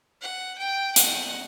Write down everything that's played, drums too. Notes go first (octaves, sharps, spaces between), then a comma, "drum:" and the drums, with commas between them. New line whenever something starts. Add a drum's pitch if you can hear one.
F#5
G5
F#5, drum: hi-hat